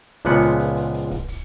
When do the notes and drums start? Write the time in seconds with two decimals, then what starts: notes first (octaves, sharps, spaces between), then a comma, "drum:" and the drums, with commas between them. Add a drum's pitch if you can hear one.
0.25 C#2 A#2 F3 G#3 B3 F#5, drum: hi-hat
0.42 drum: hi-hat
0.59 drum: hi-hat
0.77 drum: hi-hat
0.94 drum: hi-hat
1.11 drum: kick, hi-hat
1.28 drum: kick, open hi-hat